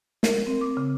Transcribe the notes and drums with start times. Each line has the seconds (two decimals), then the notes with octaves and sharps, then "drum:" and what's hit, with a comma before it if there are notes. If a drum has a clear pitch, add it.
0.23 A#4, drum: snare
0.47 C4
0.61 D6
0.77 C#3